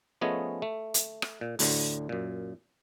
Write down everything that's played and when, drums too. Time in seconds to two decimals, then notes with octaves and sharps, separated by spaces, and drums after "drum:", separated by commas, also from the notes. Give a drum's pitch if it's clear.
0.21 F3 A3 B3 C#4 G#4 D#5
0.62 A3
0.94 drum: hi-hat
1.22 drum: rim click
1.41 A#2
1.59 D2 A2 D3, drum: open hi-hat
2.09 F#2 A#2